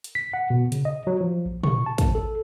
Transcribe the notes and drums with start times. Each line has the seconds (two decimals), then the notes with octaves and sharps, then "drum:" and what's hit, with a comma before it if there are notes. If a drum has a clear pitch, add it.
0.04 drum: hi-hat
0.15 B6
0.33 F#5
0.50 B2
0.72 C#3, drum: hi-hat
0.85 D#5
1.07 F#3
1.21 F3
1.45 A#1
1.64 C#6, drum: tom
1.86 A5
1.98 drum: kick, hi-hat
2.15 A4